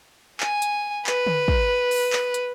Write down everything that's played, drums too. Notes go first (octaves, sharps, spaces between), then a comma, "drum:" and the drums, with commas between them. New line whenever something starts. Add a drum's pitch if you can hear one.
G#5, drum: clap
drum: hi-hat
B4, drum: clap
drum: tom D3
drum: kick
drum: open hi-hat
drum: clap
drum: hi-hat